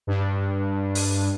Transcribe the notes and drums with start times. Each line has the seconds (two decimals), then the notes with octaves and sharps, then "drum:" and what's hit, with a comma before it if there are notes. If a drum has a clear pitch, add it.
0.07 G2 D4
0.95 drum: open hi-hat